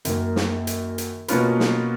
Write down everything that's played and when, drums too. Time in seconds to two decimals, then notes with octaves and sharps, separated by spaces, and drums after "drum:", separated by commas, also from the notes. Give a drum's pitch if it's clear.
0.05 F#2 D#3 A#3, drum: hi-hat
0.36 drum: snare
0.67 drum: hi-hat
0.98 drum: hi-hat
1.28 B2 A#3 C#4 F4 B4, drum: hi-hat
1.60 drum: snare